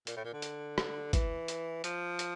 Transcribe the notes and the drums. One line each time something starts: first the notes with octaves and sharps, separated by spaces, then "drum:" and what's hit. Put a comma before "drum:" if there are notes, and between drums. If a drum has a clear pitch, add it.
A#2, drum: hi-hat
A2
A#2
D3
drum: hi-hat
drum: rim click
E3, drum: kick, hi-hat
drum: hi-hat
F3, drum: hi-hat
drum: hi-hat